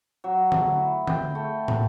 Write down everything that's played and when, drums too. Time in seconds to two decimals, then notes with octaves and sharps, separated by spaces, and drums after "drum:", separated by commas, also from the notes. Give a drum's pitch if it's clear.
0.24 F#3
0.52 A3, drum: tom D3
0.74 E4
1.07 G5, drum: tom D3
1.35 A3
1.68 drum: tom